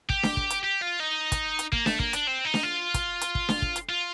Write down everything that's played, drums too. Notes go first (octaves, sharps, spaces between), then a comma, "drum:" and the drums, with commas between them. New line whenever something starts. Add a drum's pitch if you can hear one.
G4, drum: kick
drum: snare D4
drum: kick
drum: hi-hat
G4
F4
D#4
drum: kick, hi-hat
drum: hi-hat
A#3, drum: kick
A3, drum: snare D4
A#3, drum: kick
D4, drum: hi-hat
C4
D#4
drum: snare D4
F4
drum: kick, hi-hat
drum: hi-hat
drum: kick
drum: snare D4
drum: kick
drum: hi-hat
F4